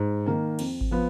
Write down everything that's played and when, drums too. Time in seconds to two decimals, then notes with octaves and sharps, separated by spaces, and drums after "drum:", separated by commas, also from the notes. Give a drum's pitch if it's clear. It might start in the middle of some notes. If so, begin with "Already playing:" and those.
Already playing: G#2
0.26 D#3 A#3
0.59 F2, drum: cymbal
0.81 drum: kick G#1
0.91 F3 B3